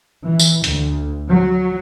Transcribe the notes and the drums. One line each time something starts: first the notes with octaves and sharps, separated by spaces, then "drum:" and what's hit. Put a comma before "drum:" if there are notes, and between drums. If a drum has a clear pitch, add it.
E3
drum: tambourine
D2, drum: hi-hat
F#3